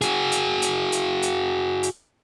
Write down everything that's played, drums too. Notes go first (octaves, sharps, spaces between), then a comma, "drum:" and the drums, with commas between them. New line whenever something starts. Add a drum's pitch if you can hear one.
F#4 G#4, drum: hi-hat
drum: hi-hat
drum: hi-hat
drum: hi-hat
drum: hi-hat
drum: hi-hat